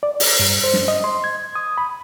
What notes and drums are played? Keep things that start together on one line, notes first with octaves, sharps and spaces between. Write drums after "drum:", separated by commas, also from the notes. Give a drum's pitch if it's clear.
D5
drum: open hi-hat
G2
C5
drum: snare
D#5
C6
G#6
D#6
B5